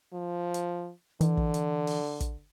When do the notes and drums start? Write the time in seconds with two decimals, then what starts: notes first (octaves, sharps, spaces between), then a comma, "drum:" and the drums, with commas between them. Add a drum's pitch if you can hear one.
0.13 F3
0.54 drum: hi-hat
1.21 D3 E3, drum: hi-hat
1.37 drum: kick
1.54 drum: hi-hat
1.87 drum: open hi-hat
2.20 drum: kick, hi-hat